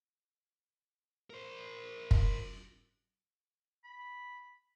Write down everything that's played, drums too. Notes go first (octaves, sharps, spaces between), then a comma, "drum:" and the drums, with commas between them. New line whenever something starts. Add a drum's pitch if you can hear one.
A#4 C5
drum: kick
B5